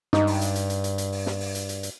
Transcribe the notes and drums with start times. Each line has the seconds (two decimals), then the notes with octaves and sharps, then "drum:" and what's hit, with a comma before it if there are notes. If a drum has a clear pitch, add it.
0.13 G2 D#4, drum: snare
0.27 drum: open hi-hat
0.41 drum: hi-hat
0.56 drum: hi-hat
0.70 drum: hi-hat
0.84 drum: hi-hat
0.98 drum: hi-hat
1.12 drum: open hi-hat
1.26 drum: snare
1.41 drum: open hi-hat
1.55 drum: hi-hat
1.69 drum: hi-hat
1.83 drum: hi-hat